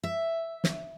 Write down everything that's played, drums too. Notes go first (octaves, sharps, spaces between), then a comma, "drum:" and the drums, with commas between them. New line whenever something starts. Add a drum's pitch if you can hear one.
E5
drum: snare